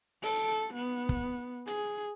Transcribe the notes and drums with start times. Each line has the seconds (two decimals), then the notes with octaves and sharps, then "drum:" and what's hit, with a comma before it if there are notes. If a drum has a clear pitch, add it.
0.23 A4, drum: open hi-hat
0.74 B3
1.09 drum: kick
1.67 G#4, drum: hi-hat